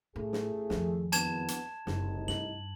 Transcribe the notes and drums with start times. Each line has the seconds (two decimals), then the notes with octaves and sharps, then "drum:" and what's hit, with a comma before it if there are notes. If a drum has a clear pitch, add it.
0.16 A1 A2 A3 G#4
0.33 drum: snare
0.70 F2 D#3, drum: snare
1.12 G#1 E2 B3 A5 G#6 E7, drum: hi-hat
1.48 drum: hi-hat
1.87 F#1 C2 A2 D#4, drum: snare
2.28 G2 F#7, drum: snare